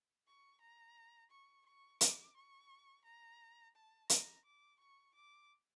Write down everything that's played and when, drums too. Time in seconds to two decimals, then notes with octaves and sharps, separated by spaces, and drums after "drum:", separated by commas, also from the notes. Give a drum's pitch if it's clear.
0.27 C#6
0.61 A#5
1.31 C#6
1.66 C#6
2.01 D6, drum: hi-hat
2.36 C#6
3.05 A#5
3.75 A5
4.09 A#5, drum: hi-hat
4.45 D6
4.79 C#6
5.14 D6